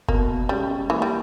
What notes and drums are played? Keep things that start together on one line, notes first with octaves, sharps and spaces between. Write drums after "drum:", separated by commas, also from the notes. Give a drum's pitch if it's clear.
B2 A#3, drum: kick F#1
G3 G#3 C#4
E3 A#3
G3